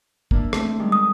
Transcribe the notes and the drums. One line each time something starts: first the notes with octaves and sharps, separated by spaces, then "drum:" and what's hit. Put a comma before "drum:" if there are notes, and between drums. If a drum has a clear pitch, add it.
A#3 D4 E4, drum: kick
A3 C4 E4, drum: rim click
D#3 G3 G#3
D#6